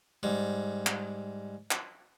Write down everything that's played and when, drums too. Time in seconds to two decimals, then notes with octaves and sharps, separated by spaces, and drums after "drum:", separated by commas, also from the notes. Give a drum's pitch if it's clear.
0.23 G#2 G3
0.86 drum: clap
1.71 drum: clap